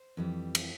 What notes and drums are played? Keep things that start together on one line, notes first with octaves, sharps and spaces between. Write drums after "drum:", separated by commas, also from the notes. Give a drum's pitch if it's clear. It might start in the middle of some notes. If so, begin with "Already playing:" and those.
Already playing: C5
F2 E3 G3
drum: cymbal